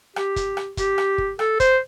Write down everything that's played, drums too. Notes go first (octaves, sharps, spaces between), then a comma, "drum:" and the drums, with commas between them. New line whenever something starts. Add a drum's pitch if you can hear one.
G4, drum: rim click
drum: kick, hi-hat
drum: rim click
G4, drum: kick, hi-hat
drum: rim click
drum: kick
A4, drum: rim click
C5, drum: kick, hi-hat